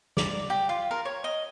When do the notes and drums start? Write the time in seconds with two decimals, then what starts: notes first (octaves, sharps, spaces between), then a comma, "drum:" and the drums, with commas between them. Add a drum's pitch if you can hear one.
0.17 D5, drum: snare
0.50 G4
0.69 F4
0.91 A#4
1.05 C#5
1.24 D#5